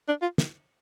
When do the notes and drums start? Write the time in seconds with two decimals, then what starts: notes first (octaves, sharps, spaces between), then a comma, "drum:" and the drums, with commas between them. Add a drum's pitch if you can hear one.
0.08 D4
0.22 F4
0.38 drum: snare